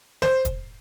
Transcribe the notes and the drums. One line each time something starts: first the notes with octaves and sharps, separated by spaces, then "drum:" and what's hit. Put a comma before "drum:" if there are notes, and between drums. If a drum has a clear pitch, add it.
C5, drum: snare
drum: kick, hi-hat